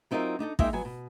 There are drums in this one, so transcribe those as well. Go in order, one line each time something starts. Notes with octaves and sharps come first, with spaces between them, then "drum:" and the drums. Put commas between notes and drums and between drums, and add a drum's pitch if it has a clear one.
F#3 C4 D#4 F4 A#4 E5
D4 D#4 G4 A4
G#3 A#3 D#4 E5 F5 G5, drum: kick
F#3 B3 G#5
B2